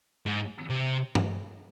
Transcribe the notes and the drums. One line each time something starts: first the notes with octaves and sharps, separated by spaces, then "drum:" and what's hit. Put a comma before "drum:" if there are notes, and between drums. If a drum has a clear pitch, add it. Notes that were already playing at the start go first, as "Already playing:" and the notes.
G#2
C3
drum: tom G2